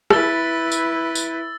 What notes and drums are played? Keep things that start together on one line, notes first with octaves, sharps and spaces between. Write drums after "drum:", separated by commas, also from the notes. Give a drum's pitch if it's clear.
E4 B4 E6 A6 G7, drum: rim click
drum: tambourine
drum: tambourine